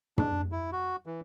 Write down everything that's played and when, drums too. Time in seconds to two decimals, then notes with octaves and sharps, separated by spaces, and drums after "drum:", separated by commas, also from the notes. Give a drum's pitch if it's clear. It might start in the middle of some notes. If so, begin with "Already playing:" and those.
0.18 D4, drum: tom
0.52 E4
0.72 F#4
1.06 E3